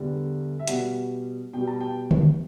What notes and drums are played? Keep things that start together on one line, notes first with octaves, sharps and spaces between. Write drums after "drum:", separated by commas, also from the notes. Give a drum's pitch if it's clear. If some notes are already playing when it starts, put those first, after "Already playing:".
Already playing: E2 D3 G3
E5
B2 G3 F#5, drum: hi-hat
B2 G3 G5
A5
G5
drum: tom D3